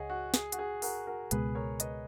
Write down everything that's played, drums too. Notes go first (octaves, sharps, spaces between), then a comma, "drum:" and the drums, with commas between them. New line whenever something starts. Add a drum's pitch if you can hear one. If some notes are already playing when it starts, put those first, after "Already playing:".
Already playing: C#2 G#4 C#5 D#5 F#5
F#4
G#4, drum: snare
F#4, drum: hi-hat
G#4
F#4 A#4, drum: open hi-hat
F#4 A#4
C#2 B2 G#3 B3 G#4 B4, drum: hi-hat
A#4 C#5
B4 D#5, drum: hi-hat